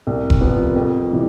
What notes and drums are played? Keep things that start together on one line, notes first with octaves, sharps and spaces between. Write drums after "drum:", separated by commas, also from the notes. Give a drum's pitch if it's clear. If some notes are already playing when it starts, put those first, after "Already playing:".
C2
drum: kick F1
C3 F3 B3
F2
C3 E3 G3